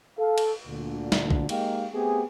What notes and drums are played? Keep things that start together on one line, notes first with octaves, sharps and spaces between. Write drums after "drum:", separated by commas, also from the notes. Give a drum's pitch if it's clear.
A4 F5
drum: cymbal
D2 A#2 D3
drum: snare
drum: kick
G#3 A#3 D#4 G4 F5 G5, drum: cymbal
A3 B3 C4 G4 G#4